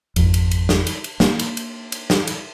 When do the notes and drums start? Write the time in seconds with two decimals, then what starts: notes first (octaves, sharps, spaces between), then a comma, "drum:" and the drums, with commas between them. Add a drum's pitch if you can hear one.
0.16 G#1 F2, drum: cymbal
0.34 drum: cymbal
0.51 drum: cymbal
0.69 drum: snare
0.87 drum: cymbal
1.04 drum: cymbal
1.20 A#3, drum: snare
1.39 drum: cymbal
1.57 drum: cymbal
1.92 drum: cymbal
2.10 drum: snare
2.27 drum: cymbal